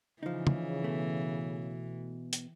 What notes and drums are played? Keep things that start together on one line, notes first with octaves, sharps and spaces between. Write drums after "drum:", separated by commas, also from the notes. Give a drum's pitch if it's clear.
C#3 E3 F3 D#4
drum: tom
B2 A3
drum: hi-hat